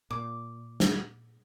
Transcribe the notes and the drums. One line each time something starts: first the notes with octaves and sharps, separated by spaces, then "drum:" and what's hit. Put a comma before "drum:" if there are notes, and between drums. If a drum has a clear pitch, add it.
A#2 D6
drum: snare